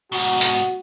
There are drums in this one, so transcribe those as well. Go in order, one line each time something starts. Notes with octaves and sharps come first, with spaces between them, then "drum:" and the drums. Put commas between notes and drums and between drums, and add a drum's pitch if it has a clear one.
G#2 B2 F#4
drum: hi-hat